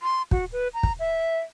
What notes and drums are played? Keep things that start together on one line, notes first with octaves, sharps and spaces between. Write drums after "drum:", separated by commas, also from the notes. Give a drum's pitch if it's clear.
C6
F#4, drum: kick
B4
A#5
drum: kick
E5